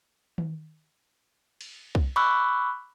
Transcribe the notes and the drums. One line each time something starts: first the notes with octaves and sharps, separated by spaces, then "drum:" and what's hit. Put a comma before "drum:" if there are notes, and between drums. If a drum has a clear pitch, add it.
drum: tom D#3
drum: cymbal
drum: kick
B5 C#6 D6 E6 F#6